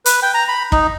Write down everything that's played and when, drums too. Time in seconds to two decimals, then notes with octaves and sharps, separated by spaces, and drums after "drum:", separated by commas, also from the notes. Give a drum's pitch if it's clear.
0.06 B4, drum: hi-hat
0.23 G5
0.34 A#5
0.48 B5
0.72 D#4, drum: kick